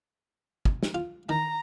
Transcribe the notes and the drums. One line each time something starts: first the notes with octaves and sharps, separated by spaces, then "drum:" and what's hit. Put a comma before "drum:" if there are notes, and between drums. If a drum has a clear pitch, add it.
drum: kick
drum: snare
F4
D#3 A#5